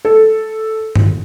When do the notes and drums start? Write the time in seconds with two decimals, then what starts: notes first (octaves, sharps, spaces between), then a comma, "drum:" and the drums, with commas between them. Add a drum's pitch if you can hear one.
0.05 A4
0.96 drum: tom G2